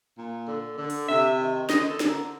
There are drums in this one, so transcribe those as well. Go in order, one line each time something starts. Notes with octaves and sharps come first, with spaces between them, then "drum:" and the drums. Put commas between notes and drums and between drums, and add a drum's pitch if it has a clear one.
A#2
D3
D3
drum: open hi-hat
C3 E5
D#3
D3 D#5, drum: snare
A4
D3, drum: snare
A#4